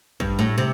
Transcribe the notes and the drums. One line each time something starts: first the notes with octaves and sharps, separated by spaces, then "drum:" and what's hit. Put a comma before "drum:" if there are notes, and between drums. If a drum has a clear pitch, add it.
G2, drum: kick
A2
C3